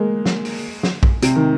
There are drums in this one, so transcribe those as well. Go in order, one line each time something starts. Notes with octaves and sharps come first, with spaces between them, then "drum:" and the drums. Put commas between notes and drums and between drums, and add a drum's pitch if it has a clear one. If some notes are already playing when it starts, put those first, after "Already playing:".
Already playing: G#3 A#3
drum: snare
drum: open hi-hat
drum: snare
drum: kick A#1
C3, drum: hi-hat
D#3